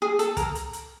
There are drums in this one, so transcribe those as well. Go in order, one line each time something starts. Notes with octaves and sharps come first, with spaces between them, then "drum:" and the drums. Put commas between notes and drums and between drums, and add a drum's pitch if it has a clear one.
G#4
A4, drum: hi-hat
A#4, drum: kick, hi-hat
drum: hi-hat
drum: hi-hat